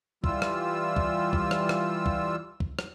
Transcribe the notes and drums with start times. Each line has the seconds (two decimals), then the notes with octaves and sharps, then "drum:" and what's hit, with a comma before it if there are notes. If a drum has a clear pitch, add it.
0.24 E3 G3 F4 E6, drum: kick
0.42 drum: rim click
0.97 drum: kick
1.33 drum: kick
1.51 drum: rim click
1.69 drum: rim click
2.06 drum: kick
2.60 drum: kick
2.79 drum: rim click